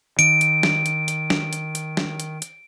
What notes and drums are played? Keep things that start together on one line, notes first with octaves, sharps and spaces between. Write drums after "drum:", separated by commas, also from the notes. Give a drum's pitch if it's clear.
D#3 D7, drum: hi-hat
drum: hi-hat
drum: snare
drum: hi-hat
drum: hi-hat
drum: snare
drum: hi-hat
drum: hi-hat
drum: snare
drum: hi-hat
drum: hi-hat